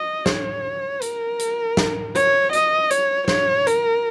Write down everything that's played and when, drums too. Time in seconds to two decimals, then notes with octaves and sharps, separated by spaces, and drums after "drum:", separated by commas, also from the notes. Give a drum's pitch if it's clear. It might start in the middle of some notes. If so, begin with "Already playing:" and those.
Already playing: D#5
0.26 C#5, drum: snare
1.02 A#4, drum: hi-hat
1.39 drum: hi-hat
1.77 drum: snare
2.15 C#5, drum: hi-hat
2.53 D#5, drum: hi-hat
2.91 C#5, drum: hi-hat
3.28 C#5, drum: snare
3.67 A#4, drum: hi-hat